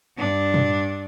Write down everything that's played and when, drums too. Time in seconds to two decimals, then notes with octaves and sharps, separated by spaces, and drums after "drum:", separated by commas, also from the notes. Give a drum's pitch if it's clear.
0.17 G2 D4
0.54 drum: tom